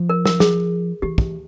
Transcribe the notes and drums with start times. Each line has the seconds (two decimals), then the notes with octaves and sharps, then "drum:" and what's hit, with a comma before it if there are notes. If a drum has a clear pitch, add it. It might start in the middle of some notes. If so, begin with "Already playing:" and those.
Already playing: F3
0.10 A#4
0.26 A#4, drum: snare
0.40 G#4, drum: snare
1.02 E3 G4
1.18 drum: kick